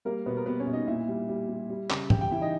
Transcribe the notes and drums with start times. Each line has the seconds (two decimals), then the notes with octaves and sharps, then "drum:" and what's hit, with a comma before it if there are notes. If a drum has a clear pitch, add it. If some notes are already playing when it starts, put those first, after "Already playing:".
0.05 G3 A#3 A#4
0.26 B2 B3 B4
0.37 A#4
0.46 G3 B3 B4
0.60 C#4 C#5
0.67 B2
0.73 D#4 D#5
0.88 A#2 E4 E5
1.08 G3
1.29 G3
1.49 G3
1.70 G3
1.90 C#3, drum: clap
2.10 G3 G4 G5, drum: tom
2.21 G4 G5
2.31 E3 E4 E5
2.41 D#4 D#5